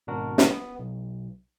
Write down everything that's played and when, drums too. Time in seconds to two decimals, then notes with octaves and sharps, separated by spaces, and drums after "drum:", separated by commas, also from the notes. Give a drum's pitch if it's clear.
0.07 G#1 B2 D4 F#4 A#4
0.38 drum: snare
0.51 B3
0.79 B1